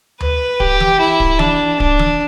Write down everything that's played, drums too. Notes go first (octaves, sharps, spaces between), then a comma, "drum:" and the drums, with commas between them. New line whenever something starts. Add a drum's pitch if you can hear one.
B4, drum: tom D2
G4, drum: kick D1
drum: tom E3
E4
drum: kick D1
D4, drum: tom E3
D4, drum: kick D1
drum: tom E3